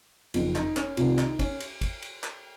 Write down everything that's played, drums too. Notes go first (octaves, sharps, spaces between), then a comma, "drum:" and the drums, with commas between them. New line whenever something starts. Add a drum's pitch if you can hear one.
F#1 F2 D#3 F4, drum: cymbal
D#4, drum: clap
C#4, drum: clap
C2 C3 D#3 F4, drum: cymbal
D#4, drum: clap
C#4, drum: kick, cymbal
drum: cymbal
drum: kick, cymbal
drum: cymbal
drum: clap